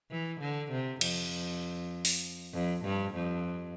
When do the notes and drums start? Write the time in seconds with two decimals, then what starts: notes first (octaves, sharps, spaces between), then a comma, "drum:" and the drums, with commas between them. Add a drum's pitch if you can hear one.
0.11 E3
0.41 D3
0.71 C3
1.01 F2, drum: cymbal
2.05 drum: open hi-hat
2.53 F2
2.85 G2
3.15 F2